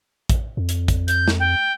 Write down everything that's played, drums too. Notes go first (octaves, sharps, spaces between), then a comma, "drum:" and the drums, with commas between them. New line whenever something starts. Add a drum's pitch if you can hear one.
drum: kick A1, hi-hat
F2
drum: hi-hat
drum: kick A1, hi-hat
G6, drum: hi-hat
drum: snare
G5